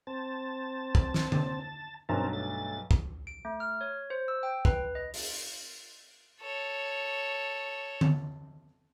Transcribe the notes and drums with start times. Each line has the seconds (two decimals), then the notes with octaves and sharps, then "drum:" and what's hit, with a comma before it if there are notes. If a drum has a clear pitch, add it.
0.07 C4 A5
0.95 drum: kick
1.14 drum: snare
1.32 drum: tom D3
1.60 A5
2.09 B1 G2 F#3 C4 A#4 A5
2.33 A3 A6
2.91 drum: kick
3.27 D7
3.45 A3
3.60 F6
3.81 C#5
4.10 C5
4.28 E6
4.43 G5
4.65 B4, drum: kick
4.95 D#5
5.14 drum: open hi-hat
6.41 A4 C#5
8.01 drum: tom D3